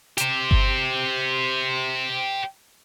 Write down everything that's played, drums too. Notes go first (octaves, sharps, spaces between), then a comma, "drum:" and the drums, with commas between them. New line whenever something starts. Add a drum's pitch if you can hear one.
G4 C5, drum: hi-hat
drum: kick G1